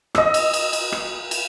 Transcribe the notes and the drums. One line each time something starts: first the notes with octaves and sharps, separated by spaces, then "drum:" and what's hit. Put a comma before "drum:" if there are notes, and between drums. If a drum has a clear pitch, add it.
D#5 E6, drum: rim click
drum: cymbal
drum: cymbal
drum: cymbal
drum: rim click
drum: cymbal